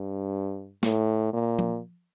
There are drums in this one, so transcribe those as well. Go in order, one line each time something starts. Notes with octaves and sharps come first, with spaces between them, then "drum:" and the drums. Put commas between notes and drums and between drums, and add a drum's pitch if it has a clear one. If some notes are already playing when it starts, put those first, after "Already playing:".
Already playing: G2
A2, drum: snare
A#2
drum: tom F3